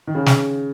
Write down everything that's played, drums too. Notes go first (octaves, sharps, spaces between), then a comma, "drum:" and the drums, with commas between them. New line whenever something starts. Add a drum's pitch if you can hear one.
D#3
C#3
drum: snare